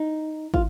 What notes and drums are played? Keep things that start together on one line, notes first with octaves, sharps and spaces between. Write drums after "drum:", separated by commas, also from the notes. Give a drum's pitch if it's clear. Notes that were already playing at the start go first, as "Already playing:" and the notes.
Already playing: D#4
F4, drum: kick